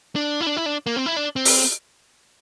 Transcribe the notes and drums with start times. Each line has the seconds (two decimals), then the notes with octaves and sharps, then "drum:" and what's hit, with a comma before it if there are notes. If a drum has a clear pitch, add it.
0.16 D4
0.41 E4
0.47 D4
0.57 E4
0.66 D4
0.86 A#3
0.96 C4
1.06 E4
1.16 D4
1.36 C4
1.45 drum: open hi-hat